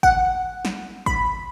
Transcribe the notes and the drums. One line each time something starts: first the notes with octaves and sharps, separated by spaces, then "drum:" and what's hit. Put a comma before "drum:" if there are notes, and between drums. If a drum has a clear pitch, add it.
F#5, drum: kick
drum: snare
B5, drum: kick